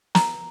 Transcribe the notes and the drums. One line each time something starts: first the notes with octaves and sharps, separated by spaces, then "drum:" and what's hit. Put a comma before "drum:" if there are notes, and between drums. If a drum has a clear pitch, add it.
A#5, drum: snare